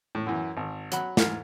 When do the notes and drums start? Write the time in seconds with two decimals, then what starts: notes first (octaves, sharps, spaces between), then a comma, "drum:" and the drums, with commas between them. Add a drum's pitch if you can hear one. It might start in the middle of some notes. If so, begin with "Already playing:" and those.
0.15 A2
0.27 F#2 E3
0.57 G#1
0.92 F#3 F#5 B5, drum: hi-hat
1.17 G#2 E3 F6, drum: snare